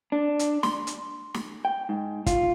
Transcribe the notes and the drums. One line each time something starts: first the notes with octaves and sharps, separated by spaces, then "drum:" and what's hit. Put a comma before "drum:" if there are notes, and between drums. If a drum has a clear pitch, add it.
D4
drum: hi-hat
C6, drum: snare
drum: hi-hat
drum: snare
G5
G#2
F4, drum: kick, hi-hat